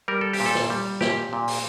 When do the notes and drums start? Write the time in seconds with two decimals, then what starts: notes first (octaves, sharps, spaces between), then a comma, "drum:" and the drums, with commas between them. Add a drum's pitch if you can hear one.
0.08 G3 A#4
0.21 A4
0.33 G4, drum: open hi-hat
0.40 A#2
0.46 A4
0.55 drum: snare
0.70 G3
1.01 A#2 G4, drum: snare
1.33 A#2
1.48 drum: open hi-hat